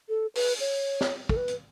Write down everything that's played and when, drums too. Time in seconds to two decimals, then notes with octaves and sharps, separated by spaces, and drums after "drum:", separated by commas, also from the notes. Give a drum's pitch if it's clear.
0.09 A4
0.35 B4, drum: open hi-hat
0.60 C#5
1.01 drum: snare
1.29 A4, drum: kick
1.37 B4
1.48 drum: hi-hat